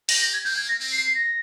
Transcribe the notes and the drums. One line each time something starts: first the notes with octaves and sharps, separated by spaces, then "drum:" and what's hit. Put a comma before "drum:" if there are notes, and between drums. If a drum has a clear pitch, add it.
G4 A#6, drum: open hi-hat
A#6
G#6
A#3 G6
G#6
A#6
C4
C7
C7
A#6